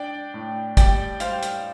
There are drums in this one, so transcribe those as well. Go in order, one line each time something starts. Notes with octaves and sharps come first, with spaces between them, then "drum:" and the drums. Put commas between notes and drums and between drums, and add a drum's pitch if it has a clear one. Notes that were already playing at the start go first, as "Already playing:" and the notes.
Already playing: D4 D5 G5
A2
G3 D5 G5, drum: kick, hi-hat
G3 C5 F5, drum: hi-hat
drum: hi-hat